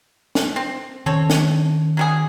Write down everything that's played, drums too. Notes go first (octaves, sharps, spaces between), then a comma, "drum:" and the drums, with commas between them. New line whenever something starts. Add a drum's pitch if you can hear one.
drum: snare
C4
D#3 C4 C#4 A4 C#5
drum: snare
F#3 G3 G#4